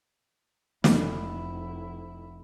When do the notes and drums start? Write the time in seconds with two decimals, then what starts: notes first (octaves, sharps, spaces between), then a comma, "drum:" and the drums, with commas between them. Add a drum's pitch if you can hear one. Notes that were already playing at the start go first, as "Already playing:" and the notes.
0.84 F1 E4, drum: snare